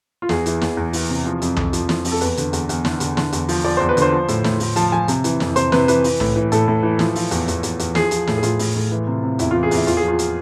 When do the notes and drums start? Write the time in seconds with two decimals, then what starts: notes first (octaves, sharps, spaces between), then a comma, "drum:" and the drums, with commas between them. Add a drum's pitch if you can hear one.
0.22 F4
0.29 E2 G#4, drum: snare
0.46 E3, drum: hi-hat
0.61 E2, drum: snare
0.77 E2
0.93 E3, drum: open hi-hat
1.09 C3
1.25 F3
1.42 F2, drum: hi-hat
1.56 F2, drum: tom C2
1.73 F3, drum: hi-hat
1.89 F3, drum: snare
2.05 F2, drum: open hi-hat
2.12 A4
2.21 E2 B4, drum: hi-hat
2.37 D3, drum: hi-hat
2.53 E2, drum: hi-hat
2.69 E2, drum: hi-hat
2.85 D3, drum: snare
3.00 D3, drum: hi-hat
3.17 D3, drum: snare
3.32 E2, drum: hi-hat
3.49 F3, drum: open hi-hat
3.64 F3 D5
3.77 E2 C5
3.89 B4
3.97 D3 C5, drum: hi-hat
4.12 F3
4.28 A2, drum: hi-hat
4.44 A2, drum: snare
4.60 A2, drum: open hi-hat
4.76 F3 A5, drum: hi-hat
4.92 F3 G#5
5.08 C3, drum: hi-hat
5.24 E3, drum: hi-hat
5.40 F2, drum: snare
5.56 C3 C5, drum: hi-hat
5.72 C3 B4, drum: snare
5.88 E3 B4, drum: hi-hat
6.04 E3, drum: open hi-hat
6.20 A2, drum: tom C2
6.36 E3
6.52 A2 A4, drum: hi-hat
6.68 A2
6.83 E3
6.99 F3, drum: snare
7.15 F3, drum: open hi-hat
7.31 E2, drum: hi-hat
7.48 E2, drum: hi-hat
7.63 E2, drum: hi-hat
7.79 E2, drum: hi-hat
7.95 F3 G#4, drum: snare
8.11 F3, drum: hi-hat
8.27 A2, drum: snare
8.38 G#4
8.43 A2 F4, drum: hi-hat
8.59 A2, drum: open hi-hat
8.76 A2
8.91 E3
9.07 C3
9.23 C3
9.39 E2 E4, drum: hi-hat
9.51 E3 F4
9.63 G#4
9.71 E2 E4, drum: open hi-hat
9.87 E2 F4, drum: hi-hat
9.97 G#4
10.02 F3
10.08 F4
10.19 drum: hi-hat